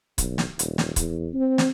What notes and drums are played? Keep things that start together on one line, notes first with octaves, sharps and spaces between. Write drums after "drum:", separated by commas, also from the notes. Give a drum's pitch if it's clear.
B1, drum: kick C#1, hi-hat
drum: snare
D#1, drum: hi-hat
drum: snare
E2, drum: kick C#1, hi-hat
C4
drum: snare